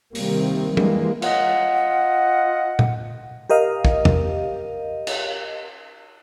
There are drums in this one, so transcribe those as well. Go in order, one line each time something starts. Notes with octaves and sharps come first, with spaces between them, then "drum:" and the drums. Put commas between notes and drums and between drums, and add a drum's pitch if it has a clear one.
C3 D#3 G3 A#3, drum: open hi-hat
E3 G3 G#3 A#3, drum: tom
F4 D#5 F#5, drum: cymbal
drum: tom
G4 A#4 D#5 F5
drum: kick
drum: tom
drum: cymbal